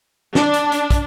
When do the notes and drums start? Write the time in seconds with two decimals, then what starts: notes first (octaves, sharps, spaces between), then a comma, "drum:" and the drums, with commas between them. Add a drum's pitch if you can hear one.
0.35 D4, drum: snare
0.54 drum: hi-hat
0.72 drum: hi-hat
0.90 drum: kick, hi-hat